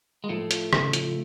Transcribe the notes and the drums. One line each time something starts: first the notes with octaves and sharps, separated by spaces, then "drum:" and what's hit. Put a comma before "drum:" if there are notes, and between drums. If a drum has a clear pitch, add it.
G#3
A2 F3 A3
F4, drum: hi-hat
C#3, drum: rim click
F3, drum: hi-hat